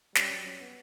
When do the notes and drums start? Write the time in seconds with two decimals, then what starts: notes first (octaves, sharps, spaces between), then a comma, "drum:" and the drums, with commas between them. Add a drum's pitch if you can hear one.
0.15 G3 C#4, drum: snare
0.30 F#3
0.45 C#4
0.60 B3